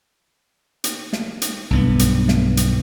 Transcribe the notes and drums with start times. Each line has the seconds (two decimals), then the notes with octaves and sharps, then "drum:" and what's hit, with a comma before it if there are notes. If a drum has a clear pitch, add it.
0.84 drum: hi-hat
1.13 drum: snare
1.42 drum: hi-hat
1.70 B1 G2 B3
1.99 drum: hi-hat
2.28 drum: snare
2.57 drum: hi-hat